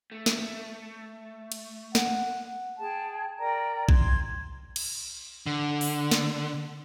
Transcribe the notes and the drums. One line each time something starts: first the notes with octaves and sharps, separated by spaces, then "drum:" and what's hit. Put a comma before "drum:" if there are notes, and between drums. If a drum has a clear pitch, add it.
A3
drum: snare
drum: cymbal
F#5, drum: snare
G#4 G5 A5
A#4 D5 G5 A#5
C6 G#6, drum: kick
drum: cymbal
D3
drum: open hi-hat
drum: snare